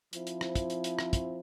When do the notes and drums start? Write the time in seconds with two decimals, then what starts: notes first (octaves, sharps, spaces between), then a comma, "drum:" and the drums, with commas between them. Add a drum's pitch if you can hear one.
0.13 F3 C4 E4, drum: hi-hat
0.27 drum: hi-hat
0.41 drum: rim click
0.55 drum: kick, hi-hat
0.70 drum: hi-hat
0.84 drum: hi-hat
0.99 drum: rim click
1.13 drum: kick, hi-hat